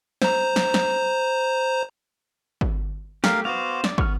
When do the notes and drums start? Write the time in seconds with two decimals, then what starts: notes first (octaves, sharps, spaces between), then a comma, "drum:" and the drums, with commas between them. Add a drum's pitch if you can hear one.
0.22 C5 A#5, drum: snare
0.56 drum: snare
0.74 drum: snare
2.61 drum: kick
3.24 A3 G4 A#4 F5, drum: snare
3.45 B3 F#4 C5 F5 D6
3.84 D5, drum: snare
3.98 B3 C#6 F6, drum: kick